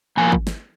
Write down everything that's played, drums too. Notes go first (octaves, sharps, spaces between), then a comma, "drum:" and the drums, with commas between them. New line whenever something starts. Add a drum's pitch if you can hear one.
A#2 F3 A#3 G#5
drum: kick G#1
drum: snare